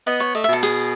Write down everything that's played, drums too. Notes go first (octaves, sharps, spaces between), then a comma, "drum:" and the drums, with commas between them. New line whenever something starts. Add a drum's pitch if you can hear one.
B3 D#5
C#5
A3 D#5
E5
B2 A4
G#4, drum: open hi-hat